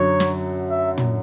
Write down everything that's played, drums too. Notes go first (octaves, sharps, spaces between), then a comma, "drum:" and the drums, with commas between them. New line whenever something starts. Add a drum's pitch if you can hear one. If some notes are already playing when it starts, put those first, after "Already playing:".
Already playing: F#2 D3 F#3 C#5
drum: snare
E5
drum: tom